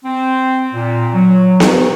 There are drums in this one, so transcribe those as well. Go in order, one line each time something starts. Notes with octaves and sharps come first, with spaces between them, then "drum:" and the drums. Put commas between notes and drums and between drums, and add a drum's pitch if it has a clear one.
C4
A#2
F#3
drum: snare B3